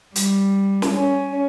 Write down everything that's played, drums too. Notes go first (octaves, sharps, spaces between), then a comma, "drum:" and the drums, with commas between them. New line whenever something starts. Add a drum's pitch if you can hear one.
G3, drum: hi-hat
drum: snare
C#4